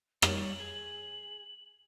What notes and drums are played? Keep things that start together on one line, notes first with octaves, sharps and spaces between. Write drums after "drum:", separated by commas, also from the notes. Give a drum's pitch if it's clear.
G3 C#5 F#7, drum: rim click
G#4